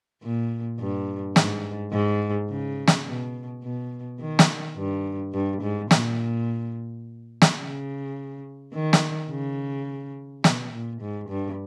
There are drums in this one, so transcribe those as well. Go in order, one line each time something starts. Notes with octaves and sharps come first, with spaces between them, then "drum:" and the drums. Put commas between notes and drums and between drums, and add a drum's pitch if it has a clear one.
A#2
G2
G#2, drum: snare
G#2
C#3
drum: snare
B2
B2
D#3
drum: snare
G2
G2
G#2
A#2, drum: snare
drum: snare
C#3
D#3
drum: snare
C#3
B2, drum: snare
A#2
G#2
G2